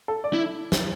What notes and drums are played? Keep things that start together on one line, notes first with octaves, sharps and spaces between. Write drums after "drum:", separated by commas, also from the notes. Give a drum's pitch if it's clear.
A4
D5
E4
drum: snare